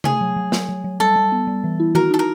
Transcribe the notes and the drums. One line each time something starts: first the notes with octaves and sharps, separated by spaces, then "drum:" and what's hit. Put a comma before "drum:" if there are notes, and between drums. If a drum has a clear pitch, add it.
A3 G#4, drum: tom C3
F#3
F#3
F#3, drum: snare
F#3
F#3
G3 A4
G3
B3
G3
E3
E4
F#4 A#4, drum: tom D#3
D#4 A4
A#4